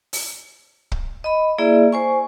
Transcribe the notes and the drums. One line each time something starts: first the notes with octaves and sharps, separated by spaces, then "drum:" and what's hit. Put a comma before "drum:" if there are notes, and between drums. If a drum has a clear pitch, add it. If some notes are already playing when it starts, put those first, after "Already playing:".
drum: open hi-hat
drum: kick
D#5 B5
A#3 E4 G#4 D5 E5
C5 G#5 C#6